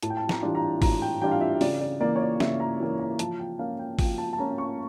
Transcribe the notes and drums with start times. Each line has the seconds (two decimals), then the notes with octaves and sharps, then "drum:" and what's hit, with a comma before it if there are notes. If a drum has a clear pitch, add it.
0.03 A2 A5, drum: hi-hat
0.10 G5
0.17 A5
0.29 A#5, drum: snare
0.42 E3 G3 D4 F4
0.55 A#5
0.82 A2 A#5, drum: kick, open hi-hat
1.02 G5
1.21 E3 G3 D4 F4 G5
1.31 F5
1.41 E5
1.61 C#3 D5, drum: open hi-hat
1.81 D5
2.01 E3 A#3 D5
2.16 C#5
2.21 D5
2.40 C#3 E5, drum: snare
2.60 A#5
2.80 E3 A#3
2.99 A#5
3.19 F3 A5, drum: hi-hat
3.40 G5
3.59 A#3 C#4 F5
3.79 G5
3.99 F3 G5, drum: kick, open hi-hat
4.18 A5
4.33 A5
4.38 A#3 C#4 A#5
4.58 C#6